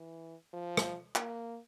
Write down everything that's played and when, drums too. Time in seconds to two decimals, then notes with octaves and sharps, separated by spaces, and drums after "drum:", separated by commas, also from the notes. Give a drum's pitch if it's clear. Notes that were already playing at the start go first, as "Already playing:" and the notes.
Already playing: E3
0.54 F3
0.77 drum: rim click
1.16 A#3, drum: clap